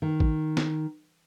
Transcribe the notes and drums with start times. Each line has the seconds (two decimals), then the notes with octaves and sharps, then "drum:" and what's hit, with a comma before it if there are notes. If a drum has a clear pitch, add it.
0.02 D#3
0.20 drum: kick A1
0.57 drum: snare